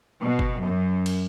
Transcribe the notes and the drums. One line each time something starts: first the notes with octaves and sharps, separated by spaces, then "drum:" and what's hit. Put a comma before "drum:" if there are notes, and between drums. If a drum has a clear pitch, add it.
B2
drum: kick F#1
F#2
drum: cymbal